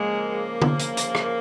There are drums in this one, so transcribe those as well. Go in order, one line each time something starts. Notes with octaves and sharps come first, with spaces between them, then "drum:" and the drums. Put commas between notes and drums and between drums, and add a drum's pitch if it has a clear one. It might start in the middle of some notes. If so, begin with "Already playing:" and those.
Already playing: C#3 F3 G#3 A#3
drum: tom D3
drum: hi-hat
drum: hi-hat
drum: rim click